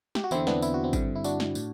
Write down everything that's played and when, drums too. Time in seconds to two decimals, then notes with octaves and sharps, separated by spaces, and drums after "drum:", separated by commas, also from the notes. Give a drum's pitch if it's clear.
0.15 G4, drum: snare
0.24 F#4
0.31 E2 D3 C4 E4, drum: tambourine
0.47 B3 D4, drum: snare
0.62 E4, drum: tambourine
0.74 F#4
0.84 C4 E4
0.93 G2 D3, drum: kick G#1, tambourine
1.15 E4
1.24 D4 F#4, drum: tambourine
1.40 drum: snare
1.55 A2, drum: tambourine